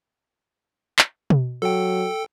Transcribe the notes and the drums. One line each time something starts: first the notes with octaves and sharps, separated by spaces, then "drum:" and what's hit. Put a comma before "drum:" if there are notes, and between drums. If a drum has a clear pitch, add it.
drum: clap
drum: tom B2
F#3 A4 G5